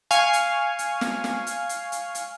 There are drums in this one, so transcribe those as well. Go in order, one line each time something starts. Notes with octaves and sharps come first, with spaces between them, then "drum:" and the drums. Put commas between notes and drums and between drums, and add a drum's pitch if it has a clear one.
F5 G#5 C#6, drum: hi-hat
drum: hi-hat
drum: hi-hat
drum: snare
drum: snare
drum: hi-hat
drum: hi-hat
drum: hi-hat
drum: hi-hat